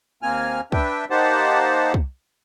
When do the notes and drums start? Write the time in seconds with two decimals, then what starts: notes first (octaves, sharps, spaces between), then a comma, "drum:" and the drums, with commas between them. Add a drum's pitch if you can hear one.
0.23 D#2 A#3 C4 G#5 F6
0.72 D4 B4 E5 G5, drum: kick
1.10 A#3 D#4 G4 C5 F#5 A5
1.94 drum: kick